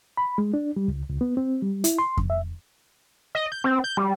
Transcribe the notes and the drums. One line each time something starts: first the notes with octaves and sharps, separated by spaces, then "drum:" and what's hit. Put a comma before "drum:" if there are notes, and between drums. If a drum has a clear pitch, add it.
B5
G#3
D4
G3
C#2
C#2
B3
C4
G3
E4, drum: hi-hat
C6
drum: kick F2
E5
D#5
G6
C4
G6
G3